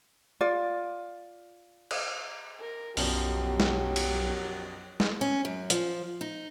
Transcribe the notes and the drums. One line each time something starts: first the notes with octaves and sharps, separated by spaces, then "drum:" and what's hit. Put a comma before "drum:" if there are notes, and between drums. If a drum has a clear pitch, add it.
F4 D5
drum: cymbal
A#4
B1 F#2 B2 F3 F#3 G4, drum: open hi-hat
drum: snare
drum: cymbal
drum: snare
C#4
F#2
F3, drum: hi-hat
D#4